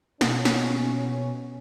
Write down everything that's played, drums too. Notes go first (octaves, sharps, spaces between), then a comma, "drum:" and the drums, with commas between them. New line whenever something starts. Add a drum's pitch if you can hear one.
B2 C#4, drum: snare
drum: snare